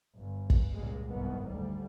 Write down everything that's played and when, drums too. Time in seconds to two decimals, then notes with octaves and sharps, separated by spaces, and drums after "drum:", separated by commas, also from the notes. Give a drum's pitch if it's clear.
0.18 G1
0.50 drum: kick
0.74 C#2 A#2 G3 G#3
1.10 F#1 C2 G#2 D#3 B3
1.46 D2 G3